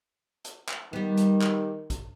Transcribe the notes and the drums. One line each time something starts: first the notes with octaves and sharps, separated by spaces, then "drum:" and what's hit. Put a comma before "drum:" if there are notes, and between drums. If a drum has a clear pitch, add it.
drum: hi-hat
drum: clap
D#3 G3 B3
drum: hi-hat
drum: clap
drum: kick, hi-hat